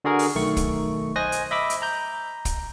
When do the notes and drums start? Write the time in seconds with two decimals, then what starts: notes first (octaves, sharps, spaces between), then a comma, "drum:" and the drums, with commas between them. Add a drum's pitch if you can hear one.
0.04 D3 F#4 G#4 A#4
0.19 drum: open hi-hat
0.35 B1 D#3 A3 C#6
0.57 drum: kick, hi-hat
1.16 C5 D#5 G#5 F#6 G#6 A#6
1.32 drum: hi-hat
1.51 D#5 E5 B5 D6 E6
1.70 drum: hi-hat
1.82 A#5 G6
2.45 drum: kick, hi-hat